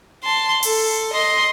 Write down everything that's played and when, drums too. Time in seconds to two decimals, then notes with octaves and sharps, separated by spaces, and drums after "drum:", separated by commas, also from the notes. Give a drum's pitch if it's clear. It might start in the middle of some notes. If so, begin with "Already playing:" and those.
0.24 A5 C6
0.63 A4, drum: open hi-hat
1.13 D#5 C6